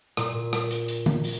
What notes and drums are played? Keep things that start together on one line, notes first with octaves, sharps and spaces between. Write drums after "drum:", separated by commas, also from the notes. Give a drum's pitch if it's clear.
A#2, drum: rim click
drum: rim click
drum: hi-hat
drum: hi-hat
drum: tom
drum: open hi-hat